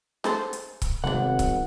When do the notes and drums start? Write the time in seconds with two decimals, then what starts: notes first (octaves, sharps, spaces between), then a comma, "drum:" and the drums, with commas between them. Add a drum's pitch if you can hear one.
0.24 G#4 A4 C5, drum: snare
0.53 drum: hi-hat
0.82 drum: kick C#1, hi-hat
1.04 G#1 C3 G3 A#3 B3 F#5
1.39 drum: kick C#1, hi-hat